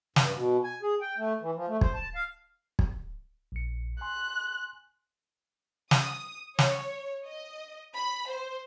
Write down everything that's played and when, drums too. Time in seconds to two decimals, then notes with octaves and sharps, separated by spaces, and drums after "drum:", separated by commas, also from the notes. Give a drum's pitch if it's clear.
0.16 G2, drum: snare
0.35 B2
0.64 G#5
0.82 G#4
1.01 G5
1.17 A3
1.41 E3
1.55 F3
1.68 A3
1.81 C5, drum: kick
1.95 A5
2.15 F5
2.79 drum: kick
3.52 A#1 C#7
4.01 G#5 C6 F#6
5.91 D#6, drum: snare
6.59 C#5, drum: snare
7.26 D#5
7.95 B5
8.30 C5